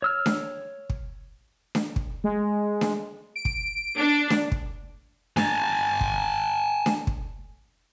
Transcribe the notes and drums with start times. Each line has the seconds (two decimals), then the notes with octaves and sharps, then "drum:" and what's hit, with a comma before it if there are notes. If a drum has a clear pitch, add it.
0.02 C#5 E6 F6
0.26 drum: snare D4
0.90 drum: kick
1.75 drum: snare D4
1.96 drum: kick
2.24 G#3
2.81 drum: snare D4
3.36 D7
3.45 drum: kick
3.95 D4
4.30 drum: snare D4
4.52 drum: kick
5.37 G#5 A5, drum: snare D4
6.01 drum: kick
6.86 drum: snare D4
7.07 drum: kick